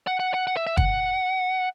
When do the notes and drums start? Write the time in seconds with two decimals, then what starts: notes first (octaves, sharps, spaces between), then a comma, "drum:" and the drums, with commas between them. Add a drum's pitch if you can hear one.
0.07 F#5
0.20 F#5
0.34 F#5
0.47 F#5
0.57 E5
0.67 E5
0.77 F#5, drum: kick